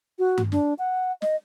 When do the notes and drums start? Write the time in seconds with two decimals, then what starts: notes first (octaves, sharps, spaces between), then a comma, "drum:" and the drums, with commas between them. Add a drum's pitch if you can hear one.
0.19 F#4
0.38 drum: tom G2
0.52 D4, drum: snare
0.79 F#5
1.22 D#5, drum: snare